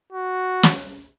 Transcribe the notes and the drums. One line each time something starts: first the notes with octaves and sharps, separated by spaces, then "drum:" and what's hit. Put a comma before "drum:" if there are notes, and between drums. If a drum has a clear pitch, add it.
F#4
drum: snare